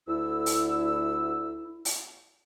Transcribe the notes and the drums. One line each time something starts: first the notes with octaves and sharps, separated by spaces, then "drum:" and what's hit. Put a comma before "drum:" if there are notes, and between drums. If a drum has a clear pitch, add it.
D2 E4 E6
drum: open hi-hat
drum: open hi-hat